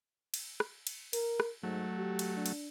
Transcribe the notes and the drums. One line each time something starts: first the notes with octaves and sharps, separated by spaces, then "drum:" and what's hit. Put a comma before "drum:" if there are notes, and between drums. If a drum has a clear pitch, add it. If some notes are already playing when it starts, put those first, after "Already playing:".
drum: cymbal
drum: rim click
drum: cymbal
A#4, drum: cymbal
drum: rim click
G#2 F#3 A3
G4
drum: cymbal
D4
drum: cymbal